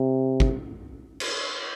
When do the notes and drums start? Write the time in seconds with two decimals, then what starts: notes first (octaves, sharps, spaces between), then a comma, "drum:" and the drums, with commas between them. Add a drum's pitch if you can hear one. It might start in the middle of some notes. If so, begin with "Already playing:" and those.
Already playing: C3
0.40 drum: kick
1.20 drum: cymbal